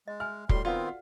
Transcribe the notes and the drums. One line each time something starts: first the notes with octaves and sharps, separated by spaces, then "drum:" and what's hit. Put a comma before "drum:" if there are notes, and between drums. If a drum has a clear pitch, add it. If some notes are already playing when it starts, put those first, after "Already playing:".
G#3 D#5
E5 G#5 F6
A2 G3 F#4 A4 C6, drum: kick
D#3 B3 C4 F4 D5 F5 F#5
F#5